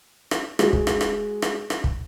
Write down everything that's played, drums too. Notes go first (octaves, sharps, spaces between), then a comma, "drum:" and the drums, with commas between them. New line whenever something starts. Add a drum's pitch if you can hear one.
drum: rim click
G#3 F#4, drum: rim click
drum: kick
drum: rim click
drum: rim click
drum: rim click
drum: rim click
drum: kick